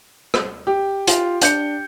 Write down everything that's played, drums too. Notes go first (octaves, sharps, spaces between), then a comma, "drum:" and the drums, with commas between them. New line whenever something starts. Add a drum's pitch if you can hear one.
drum: rim click
G4
F4, drum: hi-hat
D4 G6 C#7, drum: hi-hat